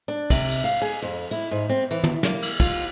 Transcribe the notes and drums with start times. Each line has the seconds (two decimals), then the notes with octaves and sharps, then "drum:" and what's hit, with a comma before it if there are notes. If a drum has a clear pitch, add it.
0.08 D4
0.30 C3, drum: kick, cymbal
0.50 drum: cymbal
0.64 F5
0.82 G#4
1.02 F2
1.31 E4
1.51 G#2
1.69 C4
1.91 E3
2.04 drum: tom
2.23 A#3, drum: snare
2.42 drum: cymbal
2.60 F4, drum: kick, cymbal